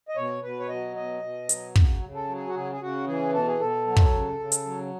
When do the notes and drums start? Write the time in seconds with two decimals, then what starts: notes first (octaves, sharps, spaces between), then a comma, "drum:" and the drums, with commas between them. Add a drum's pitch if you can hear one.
0.09 D#5
0.16 B2 C#5
0.43 B2 B4
0.60 C#5
0.69 F#3 D#5
0.96 B2 D#5
1.22 B2
1.49 F#3, drum: hi-hat
1.76 C#3, drum: kick
2.02 C#3
2.15 A4
2.28 F#3
2.35 G#4
2.47 F#4
2.54 C#3 G#4
2.72 G#4
2.81 C#3 F#4
3.07 E3 G#4
3.34 B2 A4
3.47 G#4
3.60 B2 A4
3.86 F#3
3.97 drum: kick
4.13 C#3
4.39 C#3
4.52 drum: hi-hat
4.66 F#3